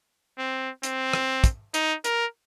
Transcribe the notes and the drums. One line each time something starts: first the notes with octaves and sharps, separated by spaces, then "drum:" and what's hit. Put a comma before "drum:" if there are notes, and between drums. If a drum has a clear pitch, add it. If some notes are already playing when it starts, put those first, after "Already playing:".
C4
C4, drum: hi-hat
drum: rim click
drum: kick, hi-hat
D#4, drum: hi-hat
A#4, drum: hi-hat